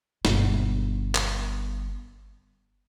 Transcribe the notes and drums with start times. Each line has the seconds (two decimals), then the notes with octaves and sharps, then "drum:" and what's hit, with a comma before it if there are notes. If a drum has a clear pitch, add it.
0.25 G1 B2, drum: snare
1.15 drum: clap